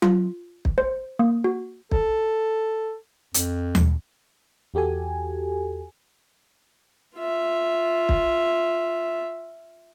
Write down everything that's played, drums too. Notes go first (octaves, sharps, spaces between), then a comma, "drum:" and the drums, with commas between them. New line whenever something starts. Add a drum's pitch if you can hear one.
F4, drum: tom F#3
drum: kick
C5
A#3
F#4
A4, drum: kick
F2, drum: hi-hat
drum: tom D#2
E2 F#4 G4 A4 G#5
F4 E5
drum: kick